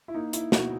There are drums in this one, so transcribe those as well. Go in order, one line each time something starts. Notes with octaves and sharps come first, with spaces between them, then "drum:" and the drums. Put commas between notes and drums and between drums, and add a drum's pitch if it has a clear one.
E4
A#3 D#4
E4, drum: hi-hat
B2 F#4, drum: snare